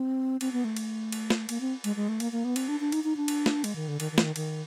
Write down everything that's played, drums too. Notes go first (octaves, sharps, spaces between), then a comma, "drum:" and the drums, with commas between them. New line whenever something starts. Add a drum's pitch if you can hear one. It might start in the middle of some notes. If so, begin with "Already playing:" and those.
Already playing: C4
C4, drum: cymbal
B3
A3
drum: cymbal
drum: cymbal
drum: snare
A#3, drum: cymbal
C4
G#3, drum: cymbal
G#3
A3
A#3, drum: cymbal
A#3
B3
C4, drum: cymbal
D4
D4
D#4, drum: cymbal
D#4
D4
drum: cymbal
drum: snare
G#3, drum: cymbal
D#3
D3
D#3, drum: cymbal
D#3
E3, drum: snare
D#3
D#3, drum: cymbal